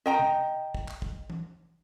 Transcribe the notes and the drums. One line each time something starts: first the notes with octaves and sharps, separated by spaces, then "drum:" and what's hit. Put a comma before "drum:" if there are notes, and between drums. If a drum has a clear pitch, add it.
D#5 G5 A#5
drum: tom C3
drum: kick
drum: clap
drum: kick
drum: tom E3